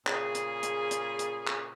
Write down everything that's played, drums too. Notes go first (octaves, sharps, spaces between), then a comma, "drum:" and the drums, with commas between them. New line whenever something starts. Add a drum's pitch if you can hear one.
A#2 C#3 G#4, drum: clap
drum: hi-hat
drum: hi-hat
drum: hi-hat
drum: hi-hat
drum: clap